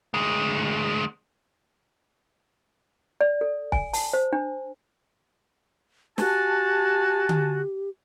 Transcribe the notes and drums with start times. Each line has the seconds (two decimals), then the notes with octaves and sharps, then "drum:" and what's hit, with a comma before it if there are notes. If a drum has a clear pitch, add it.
0.14 D2 G#3
3.21 D5
3.41 A4
3.72 G#5, drum: kick
3.93 A5, drum: open hi-hat
4.13 C5
4.33 D4
6.18 F#4 G4 G#5 A5, drum: snare
7.29 drum: tom D3